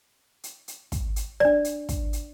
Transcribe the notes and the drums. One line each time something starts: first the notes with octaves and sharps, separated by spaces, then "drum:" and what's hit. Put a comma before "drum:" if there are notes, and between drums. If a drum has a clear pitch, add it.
drum: hi-hat
drum: hi-hat
drum: kick, hi-hat
drum: hi-hat
D4 D5, drum: snare
drum: hi-hat
drum: kick, hi-hat
drum: hi-hat